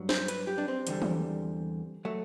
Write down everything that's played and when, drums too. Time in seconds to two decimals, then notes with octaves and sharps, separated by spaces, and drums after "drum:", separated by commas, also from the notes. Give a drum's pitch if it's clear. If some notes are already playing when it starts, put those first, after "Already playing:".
Already playing: G2 F#3
0.09 C5, drum: snare
0.28 B4, drum: hi-hat
0.47 G4
0.58 D4
0.68 C4
0.87 E2 D3 G3, drum: hi-hat
1.02 drum: tom
2.05 F#3 A3